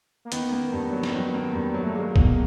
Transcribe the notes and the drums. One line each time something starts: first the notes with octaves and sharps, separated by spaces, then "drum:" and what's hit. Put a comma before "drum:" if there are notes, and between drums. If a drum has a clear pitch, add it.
A#3
D#3 B3, drum: hi-hat
A#3
G2
F#3
drum: snare
D#3
A#3
G2
F#3
A3
G#3 A#3
B2, drum: kick